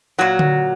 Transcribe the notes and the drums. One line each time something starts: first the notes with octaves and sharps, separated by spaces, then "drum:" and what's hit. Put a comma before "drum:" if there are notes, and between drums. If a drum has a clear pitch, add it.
A#2 F#3 F#4
drum: tom D3